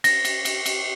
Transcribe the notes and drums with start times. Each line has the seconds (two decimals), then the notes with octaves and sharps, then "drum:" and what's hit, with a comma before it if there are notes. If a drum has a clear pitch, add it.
0.04 A#6, drum: cymbal
0.25 drum: cymbal
0.45 drum: cymbal
0.66 drum: cymbal